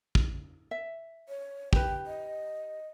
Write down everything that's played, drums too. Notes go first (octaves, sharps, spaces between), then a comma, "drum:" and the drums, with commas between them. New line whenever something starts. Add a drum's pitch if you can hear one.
drum: kick
E5
C#5
G4 B4 G5, drum: kick
D#5